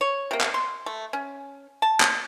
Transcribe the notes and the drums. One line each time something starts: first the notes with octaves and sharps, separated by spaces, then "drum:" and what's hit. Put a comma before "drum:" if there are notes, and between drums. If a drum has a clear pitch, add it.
C#5
C3 A#3
drum: clap
C6
A3
C#4
A5
drum: clap